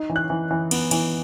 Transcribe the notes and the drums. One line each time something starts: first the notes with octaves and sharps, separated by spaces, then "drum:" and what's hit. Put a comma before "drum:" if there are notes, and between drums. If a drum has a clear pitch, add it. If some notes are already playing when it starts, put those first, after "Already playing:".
Already playing: D#4
E3
F#6
E3
E3
B3, drum: cymbal
E3, drum: cymbal